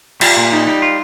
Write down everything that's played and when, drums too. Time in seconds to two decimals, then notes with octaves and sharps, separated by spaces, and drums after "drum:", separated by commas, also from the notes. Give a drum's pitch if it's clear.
0.21 G3 F4, drum: cymbal
0.37 A#2
0.52 G3 D#4
0.67 G3
0.82 F4